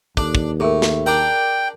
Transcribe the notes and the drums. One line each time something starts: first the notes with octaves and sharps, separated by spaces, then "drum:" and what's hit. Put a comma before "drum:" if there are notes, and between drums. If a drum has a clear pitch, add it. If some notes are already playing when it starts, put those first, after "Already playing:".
D#2 D4 A4, drum: kick
drum: kick
A2 G#4 A#4
drum: snare
D4 A#4 G5 A#5